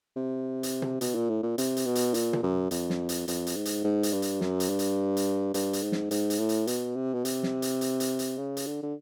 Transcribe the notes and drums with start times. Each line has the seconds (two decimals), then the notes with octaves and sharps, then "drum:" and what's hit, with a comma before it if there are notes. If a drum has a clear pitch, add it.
0.16 C3
0.63 drum: hi-hat
0.82 drum: tom
1.01 B2, drum: hi-hat
1.15 A#2
1.29 A2
1.43 A#2
1.58 C3, drum: hi-hat
1.77 drum: hi-hat
1.86 B2
1.95 drum: hi-hat
2.14 A#2, drum: hi-hat
2.33 drum: tom
2.43 F#2
2.71 F2, drum: hi-hat
2.90 drum: snare
3.09 drum: hi-hat
3.28 F2, drum: hi-hat
3.47 drum: hi-hat
3.56 G#2
3.65 drum: hi-hat
3.84 G#2
4.03 drum: hi-hat
4.13 G2
4.22 drum: hi-hat
4.41 F#2, drum: snare
4.60 drum: hi-hat
4.69 G2
4.79 drum: hi-hat
5.17 drum: hi-hat
5.54 G2, drum: hi-hat
5.73 drum: hi-hat
5.83 G#2
5.92 drum: snare
6.11 G#2, drum: hi-hat
6.30 drum: hi-hat
6.39 A2
6.49 drum: hi-hat
6.67 B2, drum: hi-hat
6.96 C3
7.14 B2
7.25 C3, drum: hi-hat
7.43 drum: snare
7.62 drum: hi-hat
7.81 drum: hi-hat
8.00 drum: hi-hat
8.19 drum: hi-hat
8.38 C#3
8.57 drum: hi-hat
8.66 D3
8.83 D3